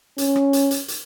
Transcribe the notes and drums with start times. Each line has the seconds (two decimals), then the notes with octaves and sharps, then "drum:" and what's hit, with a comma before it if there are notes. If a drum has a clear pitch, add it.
0.18 C#4, drum: hi-hat
0.36 drum: rim click
0.53 drum: hi-hat
0.71 drum: hi-hat
0.88 drum: hi-hat